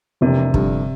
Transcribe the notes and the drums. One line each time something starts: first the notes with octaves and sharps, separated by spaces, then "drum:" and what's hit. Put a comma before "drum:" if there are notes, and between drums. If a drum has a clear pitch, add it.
F1 F2 C3 E3 A#3 D4
G2 D3 F3, drum: kick